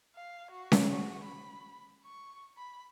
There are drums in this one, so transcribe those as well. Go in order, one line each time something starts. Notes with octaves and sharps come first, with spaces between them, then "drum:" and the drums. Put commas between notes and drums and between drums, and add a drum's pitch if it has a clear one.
F5
F#4
drum: snare C#4
F#4
B5
C#6
B5